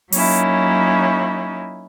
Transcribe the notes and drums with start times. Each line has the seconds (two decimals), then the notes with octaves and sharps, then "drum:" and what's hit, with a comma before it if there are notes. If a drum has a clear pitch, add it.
0.12 F#3 A#3 C#4 D#4 E4, drum: open hi-hat